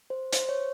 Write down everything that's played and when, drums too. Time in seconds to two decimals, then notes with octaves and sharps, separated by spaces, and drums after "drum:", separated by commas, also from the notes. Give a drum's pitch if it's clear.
0.10 C5
0.33 C5, drum: hi-hat
0.49 C#5